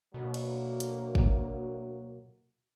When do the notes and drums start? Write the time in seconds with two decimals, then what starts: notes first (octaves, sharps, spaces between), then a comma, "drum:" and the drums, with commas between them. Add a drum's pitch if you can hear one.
0.14 D2 B2 F#3 A#3
0.34 drum: cymbal
0.80 drum: hi-hat
1.15 drum: kick